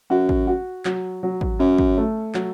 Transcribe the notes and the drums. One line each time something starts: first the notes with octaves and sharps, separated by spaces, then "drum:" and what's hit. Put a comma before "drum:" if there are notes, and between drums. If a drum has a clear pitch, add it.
F#2 F#4
drum: kick
F#4
F#3, drum: clap
F#3
drum: kick
F#2 C#4
drum: kick
A3
F#3, drum: clap